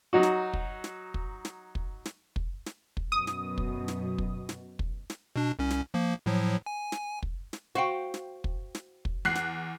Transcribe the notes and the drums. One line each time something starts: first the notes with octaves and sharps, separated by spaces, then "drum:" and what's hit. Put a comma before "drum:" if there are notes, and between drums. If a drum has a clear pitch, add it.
F#3 D#4 F#4
drum: snare
drum: kick
drum: snare
drum: kick
drum: snare
drum: kick
drum: snare
drum: kick
drum: snare
drum: kick
F#2 B2 D#6
drum: snare
drum: kick
drum: snare
drum: kick
drum: snare
drum: kick
drum: snare
B2 D4
C2 C#4
drum: snare
F3 A#3
A2 F3 F#3
G#5
drum: snare
drum: kick
drum: snare
F#4 C5 F5 G5
drum: snare
drum: kick
drum: snare
drum: kick
E2 F#6 C7
drum: snare